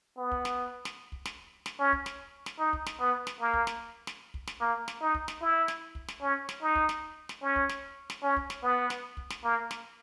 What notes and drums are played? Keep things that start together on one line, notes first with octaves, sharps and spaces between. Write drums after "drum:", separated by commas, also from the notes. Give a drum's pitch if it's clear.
B3
drum: kick
drum: snare
drum: snare
drum: kick
drum: snare
drum: snare
C#4
drum: kick
drum: snare
drum: snare
D#4
drum: kick
drum: snare
B3
drum: snare
A#3
drum: kick
drum: snare
drum: snare
drum: kick
drum: snare
A#3
drum: snare
D#4
drum: kick
drum: snare
E4
drum: snare
drum: kick
drum: snare
C#4
drum: snare
D#4
drum: kick
drum: snare
drum: snare
C#4
drum: kick
drum: snare
drum: snare
C#4
drum: kick
drum: snare
B3
drum: snare
drum: kick
drum: snare
A#3
drum: snare